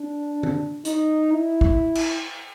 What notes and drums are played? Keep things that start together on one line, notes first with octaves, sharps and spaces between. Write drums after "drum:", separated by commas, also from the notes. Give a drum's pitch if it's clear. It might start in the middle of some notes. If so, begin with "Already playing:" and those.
Already playing: D4
drum: tom D#3
D#4, drum: hi-hat
E4
drum: kick
drum: cymbal